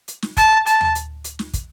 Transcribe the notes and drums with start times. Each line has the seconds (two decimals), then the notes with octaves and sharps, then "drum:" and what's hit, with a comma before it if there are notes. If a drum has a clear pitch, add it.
0.08 drum: hi-hat
0.22 drum: snare
0.37 A5, drum: kick, hi-hat
0.67 A5, drum: hi-hat
0.81 drum: tom
0.95 drum: hi-hat
1.24 drum: hi-hat
1.39 drum: snare
1.54 drum: kick, hi-hat